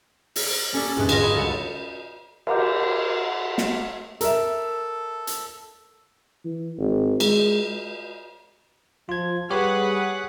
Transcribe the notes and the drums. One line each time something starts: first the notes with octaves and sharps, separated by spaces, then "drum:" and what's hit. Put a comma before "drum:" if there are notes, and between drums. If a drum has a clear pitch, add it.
drum: open hi-hat
A#3 C#4 G4 A4 D5
D#1 E2 G#2 D4 B4 D#6
G1 G#4 D#5 F5 C6 A#6, drum: cymbal
C#5 D#5 B5
C#2 A4 F#5
A#4 D#5 A#5 D6 G6, drum: cymbal
drum: snare
A4 A#4 E5, drum: hi-hat
drum: hi-hat
E3
G#1
G#3, drum: cymbal
F3 F4 G#6
G3 G4 G#4 B4 C#5 F#5